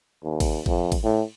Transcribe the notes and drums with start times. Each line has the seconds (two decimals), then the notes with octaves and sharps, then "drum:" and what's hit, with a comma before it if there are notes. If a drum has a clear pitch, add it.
0.23 D#2
0.40 drum: kick G#1, cymbal
0.66 F2, drum: kick G#1
0.92 drum: kick G#1, cymbal
1.04 A2